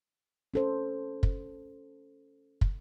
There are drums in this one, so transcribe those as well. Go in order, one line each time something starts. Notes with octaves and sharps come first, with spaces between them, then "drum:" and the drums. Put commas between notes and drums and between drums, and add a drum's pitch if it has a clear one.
C#4 A4 C5
drum: kick
drum: kick